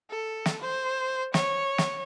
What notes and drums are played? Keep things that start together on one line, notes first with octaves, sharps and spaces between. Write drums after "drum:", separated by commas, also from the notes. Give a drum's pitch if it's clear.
A4
drum: snare
C5
C#5, drum: snare
drum: snare